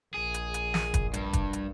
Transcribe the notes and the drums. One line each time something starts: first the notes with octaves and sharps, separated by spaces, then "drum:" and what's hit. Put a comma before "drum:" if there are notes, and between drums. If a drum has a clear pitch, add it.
A#1 G#4
drum: hi-hat
drum: hi-hat
drum: snare
drum: kick, hi-hat
G2, drum: hi-hat
drum: kick, hi-hat
drum: hi-hat